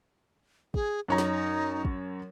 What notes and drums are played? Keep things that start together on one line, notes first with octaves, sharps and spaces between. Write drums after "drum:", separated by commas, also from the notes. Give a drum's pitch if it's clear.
G#4, drum: kick
F#2 D#4 C#5 A#5
drum: snare
drum: kick